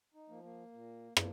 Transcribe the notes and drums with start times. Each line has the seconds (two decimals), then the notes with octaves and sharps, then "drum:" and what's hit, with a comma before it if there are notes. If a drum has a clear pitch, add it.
0.14 D#4
0.29 F3 A#3
0.43 A#3
0.73 A#2
1.17 F3 A#3, drum: rim click